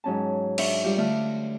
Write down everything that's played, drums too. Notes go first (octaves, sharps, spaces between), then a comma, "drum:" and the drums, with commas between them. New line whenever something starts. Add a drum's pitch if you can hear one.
G#2 F#3 C#4 A5
D4 E5 C#6, drum: cymbal
G3 F4 G4
D3 A3 E5 F6